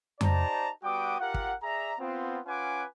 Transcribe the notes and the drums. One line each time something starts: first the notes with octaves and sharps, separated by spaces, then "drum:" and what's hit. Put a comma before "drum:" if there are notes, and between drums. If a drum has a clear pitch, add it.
D#4 G4 C5 D5 A5 A#5, drum: tom F2
G3 B3 F#4 G5 D6 D#6
F4 G4 A#4 F#5
drum: kick
G#4 D5 E5 A#5
B3 C4 F4
C#4 F4 B4 F#5 G#5 D6